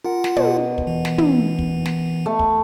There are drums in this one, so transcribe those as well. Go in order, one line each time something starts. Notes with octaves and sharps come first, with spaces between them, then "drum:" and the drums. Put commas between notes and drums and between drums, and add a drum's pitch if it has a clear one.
F4 A#4 F#5
drum: snare
B2, drum: tom
drum: kick
E3
drum: snare
drum: tom
drum: kick
drum: snare
A3
drum: kick